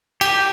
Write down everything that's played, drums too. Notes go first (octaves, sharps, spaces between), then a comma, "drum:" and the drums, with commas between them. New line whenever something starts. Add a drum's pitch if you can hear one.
G4, drum: cymbal